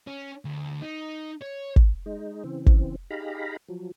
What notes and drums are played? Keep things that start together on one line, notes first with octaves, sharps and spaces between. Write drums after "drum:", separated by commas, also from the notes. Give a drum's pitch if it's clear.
C#4
D2
D#4
C#5
drum: kick
G#3 D#4
C#3 E3 C4
drum: kick
D#4 G4 G#4 F5 A#5 B5
F3 F#3